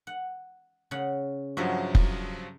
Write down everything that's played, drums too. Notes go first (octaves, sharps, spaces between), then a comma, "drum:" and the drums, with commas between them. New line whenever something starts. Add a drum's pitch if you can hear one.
F#5
C#3 F#5
G2 F3 F#3 F#4 E5
drum: kick F1